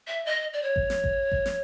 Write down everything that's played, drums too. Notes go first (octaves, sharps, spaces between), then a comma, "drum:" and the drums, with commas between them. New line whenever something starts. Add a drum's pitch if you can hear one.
E5
D#5
D5
C#5
drum: kick G#1
drum: snare
drum: kick G#1
drum: kick G#1
drum: snare